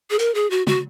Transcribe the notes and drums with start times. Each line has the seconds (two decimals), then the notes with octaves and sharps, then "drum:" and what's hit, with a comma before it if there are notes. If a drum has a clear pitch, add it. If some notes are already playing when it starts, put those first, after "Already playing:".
0.10 G#4
0.19 A#4, drum: hi-hat
0.34 G#4
0.50 F#4
0.67 F#4, drum: tom